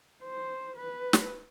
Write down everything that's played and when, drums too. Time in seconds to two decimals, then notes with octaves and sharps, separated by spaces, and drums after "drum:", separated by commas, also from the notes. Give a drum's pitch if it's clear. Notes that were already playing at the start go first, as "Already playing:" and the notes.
0.24 C5
0.77 B4
1.13 drum: snare